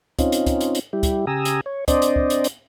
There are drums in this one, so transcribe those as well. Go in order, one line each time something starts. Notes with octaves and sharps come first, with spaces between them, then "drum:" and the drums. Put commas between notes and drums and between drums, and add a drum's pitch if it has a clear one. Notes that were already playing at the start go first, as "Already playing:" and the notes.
C4 C#4 D#4 F4, drum: kick, hi-hat
drum: hi-hat
drum: kick, hi-hat
drum: hi-hat
drum: hi-hat
G3 E4 G4
drum: kick, hi-hat
C#3 G4 G#5 A#5 D#6 E6
drum: hi-hat
C#5
C4 D4 C5 D5 D#5, drum: kick, hi-hat
drum: hi-hat
drum: kick
drum: hi-hat
drum: hi-hat